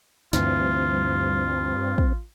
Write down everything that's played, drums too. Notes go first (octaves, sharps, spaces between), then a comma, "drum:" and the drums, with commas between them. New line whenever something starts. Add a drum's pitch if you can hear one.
D2 G2 E3 C4 F4, drum: snare
drum: kick